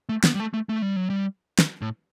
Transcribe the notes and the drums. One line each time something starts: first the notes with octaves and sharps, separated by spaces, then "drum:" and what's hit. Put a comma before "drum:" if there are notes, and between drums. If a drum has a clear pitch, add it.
A3
B3, drum: snare
G3
A3
A3
A3
G3
F#3
G3
drum: snare
A2